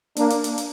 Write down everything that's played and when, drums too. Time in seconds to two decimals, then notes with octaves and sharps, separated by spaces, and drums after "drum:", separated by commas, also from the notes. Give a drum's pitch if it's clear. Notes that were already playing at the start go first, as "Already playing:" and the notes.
0.16 A#3 D4, drum: hi-hat
0.30 drum: hi-hat
0.44 drum: hi-hat
0.58 drum: hi-hat